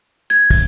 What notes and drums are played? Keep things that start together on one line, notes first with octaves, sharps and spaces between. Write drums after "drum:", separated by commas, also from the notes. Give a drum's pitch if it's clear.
G#6
drum: kick, open hi-hat